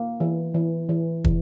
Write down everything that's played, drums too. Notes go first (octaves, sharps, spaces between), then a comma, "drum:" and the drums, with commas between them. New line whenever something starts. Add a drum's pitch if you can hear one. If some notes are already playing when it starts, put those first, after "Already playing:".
Already playing: A#3
E3
E3
E3
E3, drum: kick